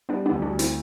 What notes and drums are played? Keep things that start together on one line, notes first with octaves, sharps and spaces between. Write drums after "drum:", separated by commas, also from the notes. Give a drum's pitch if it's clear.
G3 B3 D4
B3 D4
D2
D4 F#4
D2
C4 E4, drum: hi-hat